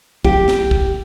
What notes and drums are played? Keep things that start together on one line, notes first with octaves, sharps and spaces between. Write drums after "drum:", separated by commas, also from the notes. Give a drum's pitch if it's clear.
G4, drum: kick
drum: snare
drum: kick